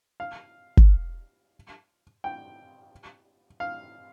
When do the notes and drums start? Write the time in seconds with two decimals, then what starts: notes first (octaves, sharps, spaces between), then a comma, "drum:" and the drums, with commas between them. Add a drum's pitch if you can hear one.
0.20 F5
0.77 drum: kick
2.24 G5
3.60 F5